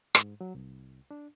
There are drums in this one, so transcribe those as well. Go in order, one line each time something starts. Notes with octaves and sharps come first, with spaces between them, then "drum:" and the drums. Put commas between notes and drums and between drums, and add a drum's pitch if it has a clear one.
G#2, drum: rim click
F#3
C2
D4